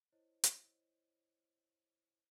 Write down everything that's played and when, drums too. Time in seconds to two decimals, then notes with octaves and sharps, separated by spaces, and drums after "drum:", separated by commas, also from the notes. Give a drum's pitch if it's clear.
0.12 E4 C5 C#5 D#5
0.44 drum: hi-hat